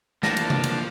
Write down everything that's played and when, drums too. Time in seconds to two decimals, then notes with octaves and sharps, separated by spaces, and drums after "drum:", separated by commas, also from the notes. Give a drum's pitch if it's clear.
0.23 E3 F3 A#3 D4 A5 D6 A#6, drum: snare
0.37 drum: cymbal
0.50 drum: tom C3
0.63 drum: cymbal